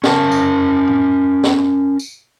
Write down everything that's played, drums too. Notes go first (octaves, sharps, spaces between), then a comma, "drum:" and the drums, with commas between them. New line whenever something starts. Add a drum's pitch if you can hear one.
C#4 A#4 A5, drum: snare
drum: tambourine
drum: tom A2
drum: snare
drum: tambourine